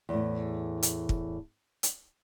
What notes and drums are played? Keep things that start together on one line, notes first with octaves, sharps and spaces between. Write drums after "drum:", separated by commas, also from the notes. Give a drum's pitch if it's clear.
E2 A2
drum: hi-hat
drum: kick
drum: hi-hat